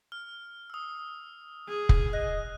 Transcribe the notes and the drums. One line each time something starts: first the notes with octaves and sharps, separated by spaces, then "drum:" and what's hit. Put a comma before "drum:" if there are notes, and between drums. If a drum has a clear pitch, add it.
F6
D#6 E6
G#4
drum: kick F1
D#5 F#6